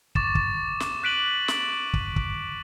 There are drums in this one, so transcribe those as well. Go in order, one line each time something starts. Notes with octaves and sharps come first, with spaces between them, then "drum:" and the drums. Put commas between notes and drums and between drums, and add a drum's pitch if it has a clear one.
C#6 D6 A6 E7, drum: kick
drum: kick
drum: snare
D6 F#6 B6 D7 D#7 F#7
drum: snare
drum: kick
drum: kick